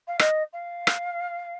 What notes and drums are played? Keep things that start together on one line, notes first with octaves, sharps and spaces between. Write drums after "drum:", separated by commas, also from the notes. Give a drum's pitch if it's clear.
F5
D#5, drum: rim click
F5
drum: rim click